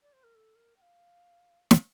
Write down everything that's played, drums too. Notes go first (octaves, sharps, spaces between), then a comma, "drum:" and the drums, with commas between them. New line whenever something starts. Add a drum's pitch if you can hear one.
D5
C5
A#4
A4
A#4
G5
F5
drum: snare